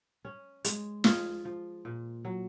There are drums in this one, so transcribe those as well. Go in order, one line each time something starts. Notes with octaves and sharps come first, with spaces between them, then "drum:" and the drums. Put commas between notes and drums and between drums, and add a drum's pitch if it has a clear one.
C#4
G#3, drum: hi-hat
F3 F4 G#4, drum: snare
F3
A#2
F#3